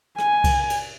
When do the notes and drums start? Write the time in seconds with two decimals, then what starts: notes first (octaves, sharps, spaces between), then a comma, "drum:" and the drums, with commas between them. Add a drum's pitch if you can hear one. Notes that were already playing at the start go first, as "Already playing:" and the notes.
0.19 G#5, drum: rim click
0.44 drum: kick C2, cymbal
0.70 drum: cymbal